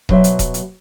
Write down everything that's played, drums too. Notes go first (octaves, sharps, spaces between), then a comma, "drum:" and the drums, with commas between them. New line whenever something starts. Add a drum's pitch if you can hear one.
B2 F#3 C5 E5, drum: kick D#1
drum: hi-hat
drum: kick D#1, hi-hat
drum: hi-hat